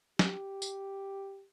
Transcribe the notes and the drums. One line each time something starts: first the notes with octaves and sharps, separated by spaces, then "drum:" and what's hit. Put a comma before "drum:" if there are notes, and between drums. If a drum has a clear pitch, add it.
G4, drum: snare
drum: tambourine